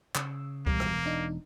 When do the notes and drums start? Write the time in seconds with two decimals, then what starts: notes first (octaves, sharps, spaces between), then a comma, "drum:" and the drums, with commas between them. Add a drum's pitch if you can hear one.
0.15 C#3 E6, drum: clap
0.66 E1 G3 A#3, drum: kick C#2
0.80 drum: rim click
1.06 D4 D#4